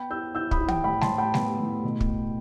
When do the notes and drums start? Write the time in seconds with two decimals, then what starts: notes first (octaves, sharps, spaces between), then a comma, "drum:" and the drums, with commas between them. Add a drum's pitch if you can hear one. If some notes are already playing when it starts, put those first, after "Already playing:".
Already playing: B3 G5 B5
0.10 E4 E6 G6
0.35 E4 E6 G6
0.51 B5 D#6, drum: kick
0.61 E4
0.68 G5 B5, drum: tom
0.84 A2 G5 B5
1.01 A5 C6, drum: snare G3
1.10 A2
1.18 G5 B5
1.34 B3, drum: snare G3
1.60 A2
1.84 B2
2.00 drum: kick